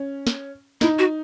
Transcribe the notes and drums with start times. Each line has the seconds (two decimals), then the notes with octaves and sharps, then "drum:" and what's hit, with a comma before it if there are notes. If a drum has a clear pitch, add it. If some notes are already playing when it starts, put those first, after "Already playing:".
Already playing: C#4
0.27 drum: snare
0.81 D#4 E4, drum: snare
0.99 F#4